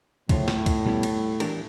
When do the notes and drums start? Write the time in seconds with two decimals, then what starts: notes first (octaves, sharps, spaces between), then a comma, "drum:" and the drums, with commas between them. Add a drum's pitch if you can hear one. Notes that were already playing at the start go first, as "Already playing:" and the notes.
0.29 D2 A2 C#3 F3, drum: kick, cymbal
0.48 drum: snare
0.66 drum: kick, cymbal
0.85 C2 B2 G3 B3 E4
1.03 drum: cymbal
1.40 E3 A3 D4 G4 A#4, drum: cymbal